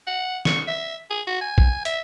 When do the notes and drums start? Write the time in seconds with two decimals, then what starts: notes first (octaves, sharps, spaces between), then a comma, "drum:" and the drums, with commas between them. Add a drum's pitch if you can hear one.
0.07 F#5
0.45 C#6, drum: snare
0.67 E5
1.10 G#4
1.27 F#4
1.41 G#5
1.58 drum: kick
1.85 E5, drum: hi-hat